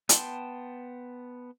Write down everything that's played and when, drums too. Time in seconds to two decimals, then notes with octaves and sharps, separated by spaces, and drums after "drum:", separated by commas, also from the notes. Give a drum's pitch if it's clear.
0.09 B3 G5 A5 C6, drum: hi-hat